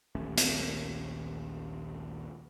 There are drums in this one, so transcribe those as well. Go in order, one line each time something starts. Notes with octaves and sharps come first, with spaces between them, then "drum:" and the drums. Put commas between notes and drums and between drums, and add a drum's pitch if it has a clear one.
A#1 D#2 A3 C#4
drum: hi-hat